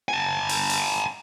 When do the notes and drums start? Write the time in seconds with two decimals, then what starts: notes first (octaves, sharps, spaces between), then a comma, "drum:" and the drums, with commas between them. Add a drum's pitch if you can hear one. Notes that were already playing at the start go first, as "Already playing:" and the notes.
0.09 G#5 A5
0.49 drum: open hi-hat
0.70 drum: open hi-hat